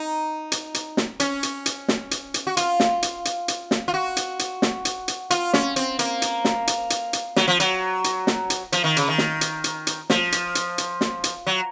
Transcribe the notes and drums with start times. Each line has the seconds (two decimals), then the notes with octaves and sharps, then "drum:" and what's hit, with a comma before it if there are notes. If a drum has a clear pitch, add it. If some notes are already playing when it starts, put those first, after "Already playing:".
Already playing: D#4
0.52 drum: hi-hat
0.74 drum: hi-hat
0.97 drum: snare
1.20 C#4, drum: hi-hat
1.43 drum: hi-hat
1.66 drum: hi-hat
1.88 drum: snare
2.11 drum: hi-hat
2.34 drum: hi-hat
2.47 F#4
2.57 F4, drum: hi-hat
2.80 drum: snare
3.03 drum: hi-hat
3.25 drum: hi-hat
3.48 drum: hi-hat
3.71 drum: snare
3.88 F4
3.94 F#4
4.17 drum: hi-hat
4.39 drum: hi-hat
4.62 drum: snare
4.85 drum: hi-hat
5.08 drum: hi-hat
5.31 F4, drum: hi-hat
5.54 C#4, drum: snare
5.76 C4, drum: hi-hat
5.99 A#3, drum: hi-hat
6.22 drum: hi-hat
6.45 drum: snare
6.67 drum: hi-hat
6.90 drum: hi-hat
7.13 drum: hi-hat
7.36 F#3, drum: snare
7.48 F3
7.60 F#3, drum: hi-hat
8.04 drum: hi-hat
8.27 drum: snare
8.50 drum: hi-hat
8.72 F3, drum: hi-hat
8.84 D#3
8.97 C#3, drum: hi-hat
9.08 D#3
9.18 drum: snare
9.41 drum: hi-hat
9.64 drum: hi-hat
9.87 drum: hi-hat
10.10 F3, drum: snare
10.32 drum: hi-hat
10.55 drum: hi-hat
10.78 drum: hi-hat
11.01 drum: snare
11.24 drum: hi-hat
11.47 F#3